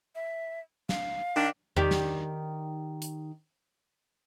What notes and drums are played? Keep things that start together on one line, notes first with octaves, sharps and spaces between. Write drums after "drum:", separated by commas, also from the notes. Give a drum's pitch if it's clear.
E5
F5, drum: snare
D#3 D4
D#3 G4 D5, drum: tom E2
drum: snare
drum: hi-hat